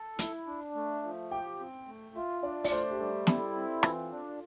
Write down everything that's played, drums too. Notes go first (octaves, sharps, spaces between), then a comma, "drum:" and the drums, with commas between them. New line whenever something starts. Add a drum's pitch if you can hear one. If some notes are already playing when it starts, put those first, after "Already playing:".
Already playing: A4
E4, drum: hi-hat
D4
A3
F3
G4 G5
C4
A3
F4 E5
D4 D5
D5, drum: open hi-hat
A3 C5
G4
G3 A4
E4, drum: snare
C4
E3 F4, drum: rim click
D4